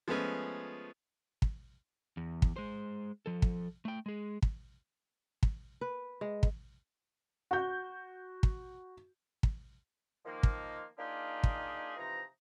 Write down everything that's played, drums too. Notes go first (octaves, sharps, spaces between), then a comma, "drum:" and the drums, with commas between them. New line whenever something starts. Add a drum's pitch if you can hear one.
F3 G#3 A3 B3 C#4
drum: kick
E2
drum: kick
G#3 C5
F3 A4
drum: kick
A3 G5
G#3 G#4
drum: kick
drum: kick
B4
G#3
drum: kick
F#4 G6
drum: kick
drum: kick
D#3 F3 A#3
drum: kick
A#3 D4 D#4 F4 G4 G#4
drum: kick
C3 E3 F3 D#4 A#5